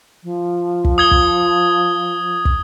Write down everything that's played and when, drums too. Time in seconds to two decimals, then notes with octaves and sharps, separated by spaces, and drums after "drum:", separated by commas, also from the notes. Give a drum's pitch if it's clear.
0.23 F3
0.85 drum: kick
0.98 D#6 G#6 G7
1.11 drum: kick
2.45 drum: kick